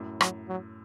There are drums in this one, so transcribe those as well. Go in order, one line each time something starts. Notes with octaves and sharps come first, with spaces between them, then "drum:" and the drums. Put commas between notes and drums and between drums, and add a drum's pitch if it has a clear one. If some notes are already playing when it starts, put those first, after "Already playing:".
Already playing: F#2 A2
F#3, drum: rim click
F#3